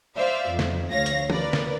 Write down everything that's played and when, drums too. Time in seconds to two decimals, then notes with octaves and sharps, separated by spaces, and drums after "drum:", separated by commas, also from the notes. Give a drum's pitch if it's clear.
0.17 C5 D5 E5 F5
0.49 F2
0.59 drum: snare
0.91 D2 C#5 F5 A#6
1.06 drum: hi-hat
1.30 A#4 B4 D5, drum: tom E3
1.53 drum: snare